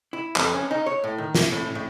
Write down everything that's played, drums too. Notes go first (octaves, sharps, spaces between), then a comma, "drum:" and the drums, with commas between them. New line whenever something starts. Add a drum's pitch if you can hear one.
E4
F2, drum: clap
C#4
D#4
C#5
A2
D#3
A#3, drum: snare
A2
A2